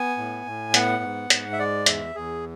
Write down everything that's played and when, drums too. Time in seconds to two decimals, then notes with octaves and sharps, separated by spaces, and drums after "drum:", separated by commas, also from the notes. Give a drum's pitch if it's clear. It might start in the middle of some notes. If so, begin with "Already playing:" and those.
Already playing: B3 G#5
0.17 A2
0.46 A2
0.74 B3 F#5, drum: hi-hat
1.03 G#2
1.30 G#2, drum: hi-hat
1.52 E5
1.59 G#3 D5
1.86 E2 E5, drum: hi-hat
2.15 E2 G#4